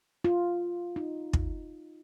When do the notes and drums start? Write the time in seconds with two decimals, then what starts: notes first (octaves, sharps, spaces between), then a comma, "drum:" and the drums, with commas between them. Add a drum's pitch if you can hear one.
0.24 F4
0.96 D#4
1.33 drum: kick